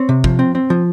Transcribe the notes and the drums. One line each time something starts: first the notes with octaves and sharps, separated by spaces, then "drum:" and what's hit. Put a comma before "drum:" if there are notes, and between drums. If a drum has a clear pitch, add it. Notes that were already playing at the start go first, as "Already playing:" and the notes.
Already playing: C4 C#5
C3
F3, drum: kick
C4
C4
F3